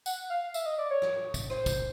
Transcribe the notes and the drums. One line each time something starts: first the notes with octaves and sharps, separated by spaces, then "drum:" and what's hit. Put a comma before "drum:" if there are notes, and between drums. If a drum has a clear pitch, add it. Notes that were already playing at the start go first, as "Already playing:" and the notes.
F#5, drum: tambourine
F5
E5, drum: tambourine
D#5
D5
C#5
drum: rim click
drum: kick, tambourine
C5, drum: rim click
drum: kick, tambourine